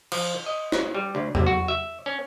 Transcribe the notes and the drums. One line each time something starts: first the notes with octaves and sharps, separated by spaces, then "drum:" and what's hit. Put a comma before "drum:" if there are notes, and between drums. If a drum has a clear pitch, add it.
F3, drum: cymbal
D#5
drum: snare
G3
D2
C3, drum: tom E2
F#4
E5
C#4